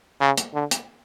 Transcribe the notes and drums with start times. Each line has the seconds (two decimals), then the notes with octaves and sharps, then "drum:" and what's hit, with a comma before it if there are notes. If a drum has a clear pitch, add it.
0.21 C#3
0.38 drum: hi-hat
0.54 D3
0.71 drum: hi-hat